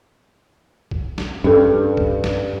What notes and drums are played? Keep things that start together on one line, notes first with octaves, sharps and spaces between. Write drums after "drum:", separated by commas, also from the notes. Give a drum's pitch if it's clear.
drum: kick
drum: snare
G2 C#4 A4
drum: kick
drum: snare